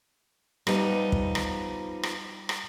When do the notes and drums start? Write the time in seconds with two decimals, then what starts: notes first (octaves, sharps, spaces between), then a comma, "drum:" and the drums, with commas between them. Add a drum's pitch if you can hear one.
0.67 F3 G3 B3 D#4, drum: rim click
1.12 drum: kick
1.35 drum: rim click
2.03 drum: rim click
2.49 drum: rim click